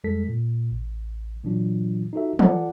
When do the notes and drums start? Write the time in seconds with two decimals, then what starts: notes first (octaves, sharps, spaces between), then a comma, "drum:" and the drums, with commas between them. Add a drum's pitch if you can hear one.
0.04 F2 G3 G#3 A4 B6
0.28 A#2
0.72 A1
1.43 A#2 E3 F#3 D4 F4
2.13 D#4 F4 F#4 A4 E5
2.39 F4 A4 D5 F#5 A5, drum: tom E3